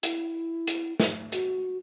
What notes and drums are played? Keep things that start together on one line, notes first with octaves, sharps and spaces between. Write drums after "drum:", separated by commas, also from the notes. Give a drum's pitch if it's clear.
E4, drum: hi-hat
drum: hi-hat
drum: snare
F#4, drum: hi-hat